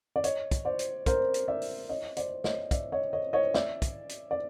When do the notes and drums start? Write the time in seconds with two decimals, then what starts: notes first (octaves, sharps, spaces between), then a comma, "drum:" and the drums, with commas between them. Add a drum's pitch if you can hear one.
0.16 D5
0.24 C#5 D#5, drum: hi-hat
0.51 drum: kick, hi-hat
0.65 C5 D5
0.79 drum: hi-hat
1.06 A#4 C5, drum: kick, hi-hat
1.34 drum: hi-hat
1.48 D5 E5
1.62 drum: open hi-hat
1.89 C#5 D#5
2.17 C5 D5, drum: hi-hat
2.44 C#5 D#5, drum: snare
2.71 D5 E5, drum: kick, hi-hat
2.92 C#5 D#5
3.13 C#5 D#5
3.33 C#5 D#5
3.54 D5 E5, drum: snare
3.82 drum: kick, hi-hat
4.09 drum: hi-hat
4.31 D5